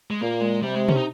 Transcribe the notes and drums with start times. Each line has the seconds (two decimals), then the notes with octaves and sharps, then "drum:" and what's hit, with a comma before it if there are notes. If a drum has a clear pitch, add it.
0.11 G#3
0.21 A#2 A#3
0.41 G#3
0.62 C3 G3
0.75 G#3
0.89 C#4, drum: tom B2
0.96 D#4